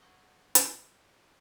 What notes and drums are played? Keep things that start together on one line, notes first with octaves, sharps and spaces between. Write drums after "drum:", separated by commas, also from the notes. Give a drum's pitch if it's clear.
C4 F#4 G#4 D5 D#5
drum: hi-hat